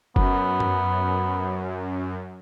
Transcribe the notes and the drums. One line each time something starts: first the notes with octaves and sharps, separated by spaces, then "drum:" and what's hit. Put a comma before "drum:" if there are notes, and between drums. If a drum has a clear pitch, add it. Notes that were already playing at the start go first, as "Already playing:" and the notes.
F#2 B3, drum: kick F#1
drum: tom G2